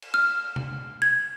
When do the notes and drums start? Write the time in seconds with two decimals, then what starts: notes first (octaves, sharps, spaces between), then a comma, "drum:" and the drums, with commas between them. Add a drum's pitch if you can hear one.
0.02 drum: cymbal
0.14 F6
0.56 drum: tom C3
1.02 G#6